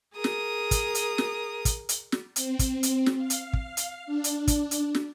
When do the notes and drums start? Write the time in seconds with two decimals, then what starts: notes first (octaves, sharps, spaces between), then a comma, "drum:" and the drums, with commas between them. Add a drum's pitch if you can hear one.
0.14 G#4 A#4 D#6
0.24 drum: snare
0.71 drum: kick, hi-hat
0.95 drum: hi-hat
1.18 drum: snare
1.65 drum: kick, hi-hat
1.89 drum: hi-hat
2.12 drum: snare
2.36 C4, drum: hi-hat
2.59 drum: kick, hi-hat
2.83 drum: hi-hat
3.06 drum: snare
3.18 F5
3.30 drum: hi-hat
3.53 drum: kick
3.77 drum: hi-hat
4.06 D4
4.24 drum: hi-hat
4.47 drum: kick, hi-hat
4.71 drum: hi-hat
4.95 drum: snare